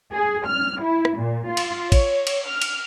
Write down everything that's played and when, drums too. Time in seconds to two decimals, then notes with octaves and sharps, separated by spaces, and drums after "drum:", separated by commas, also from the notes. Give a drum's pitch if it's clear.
0.12 G#4
0.45 F6
0.81 E4
1.05 drum: rim click
1.18 A#2
1.48 F4
1.57 drum: cymbal
1.92 C#5, drum: kick, cymbal
2.27 drum: cymbal
2.46 F6
2.62 drum: cymbal